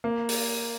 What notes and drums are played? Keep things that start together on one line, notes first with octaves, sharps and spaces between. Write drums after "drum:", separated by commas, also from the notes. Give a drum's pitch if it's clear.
A#3
drum: open hi-hat